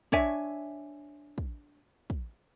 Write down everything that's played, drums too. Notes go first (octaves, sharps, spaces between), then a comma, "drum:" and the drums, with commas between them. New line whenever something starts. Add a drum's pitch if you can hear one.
D4 C#5 E5 G#5, drum: kick
drum: kick
drum: kick